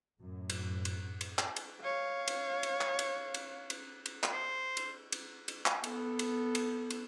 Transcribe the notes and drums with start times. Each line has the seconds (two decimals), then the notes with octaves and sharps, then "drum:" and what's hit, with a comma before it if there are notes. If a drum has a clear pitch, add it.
0.22 F#2 A2
0.50 drum: cymbal
0.85 drum: cymbal
1.21 drum: cymbal
1.39 drum: clap
1.56 drum: cymbal
1.82 C#5 F5
2.28 drum: cymbal
2.63 drum: cymbal
2.81 drum: clap
2.99 drum: cymbal
3.34 drum: cymbal
3.70 drum: cymbal
4.06 drum: cymbal
4.23 drum: clap
4.33 C5
4.77 drum: cymbal
5.12 drum: cymbal
5.48 drum: cymbal
5.66 drum: clap
5.84 B3 A4, drum: cymbal
6.19 drum: cymbal
6.55 drum: cymbal
6.90 drum: cymbal